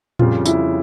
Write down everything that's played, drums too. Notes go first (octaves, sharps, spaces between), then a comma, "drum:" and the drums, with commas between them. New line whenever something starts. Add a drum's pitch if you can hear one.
F2 C#3 G3 F4, drum: tom A2
E4, drum: tambourine